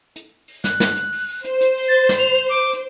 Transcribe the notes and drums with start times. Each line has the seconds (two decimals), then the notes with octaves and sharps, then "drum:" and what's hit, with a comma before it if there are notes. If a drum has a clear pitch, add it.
0.16 drum: hi-hat
0.48 drum: open hi-hat
0.64 F#6, drum: snare
0.80 drum: snare
0.96 drum: hi-hat
1.12 drum: open hi-hat
1.29 drum: open hi-hat
1.45 C5, drum: hi-hat
1.61 drum: hi-hat
1.77 drum: open hi-hat
1.89 A6
2.09 drum: snare
2.18 F7
2.49 D6
2.74 drum: hi-hat